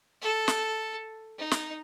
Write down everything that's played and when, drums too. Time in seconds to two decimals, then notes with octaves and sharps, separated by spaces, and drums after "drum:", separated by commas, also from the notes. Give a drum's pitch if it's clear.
0.22 A4
0.48 drum: snare
1.39 D#4
1.51 drum: snare